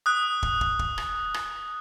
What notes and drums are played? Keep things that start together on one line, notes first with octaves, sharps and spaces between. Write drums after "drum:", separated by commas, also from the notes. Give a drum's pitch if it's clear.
D#6 F#6
drum: kick
drum: kick
drum: kick
drum: rim click
drum: rim click